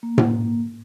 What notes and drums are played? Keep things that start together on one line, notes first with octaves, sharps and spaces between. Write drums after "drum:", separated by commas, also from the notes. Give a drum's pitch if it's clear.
A#3
drum: tom A2